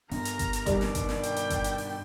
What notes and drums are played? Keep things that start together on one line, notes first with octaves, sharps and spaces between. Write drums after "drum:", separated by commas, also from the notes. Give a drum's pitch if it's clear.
G2 B3 A#4 A#5, drum: open hi-hat
drum: hi-hat
drum: kick G1, hi-hat
drum: hi-hat
B2 D#3 G3 D5, drum: kick G1, hi-hat
drum: snare
drum: kick G1, hi-hat
drum: snare
G5, drum: hi-hat
drum: hi-hat
drum: kick G1, hi-hat
drum: hi-hat
drum: open hi-hat